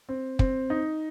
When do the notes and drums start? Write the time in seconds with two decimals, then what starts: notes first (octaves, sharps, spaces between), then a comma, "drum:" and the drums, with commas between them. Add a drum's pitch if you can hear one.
0.09 C4
0.39 C4, drum: kick
0.70 D#4